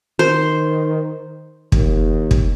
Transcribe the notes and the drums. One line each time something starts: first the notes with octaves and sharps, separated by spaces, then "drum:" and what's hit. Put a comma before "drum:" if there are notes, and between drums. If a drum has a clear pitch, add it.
D#3 C5
D#2, drum: kick
drum: kick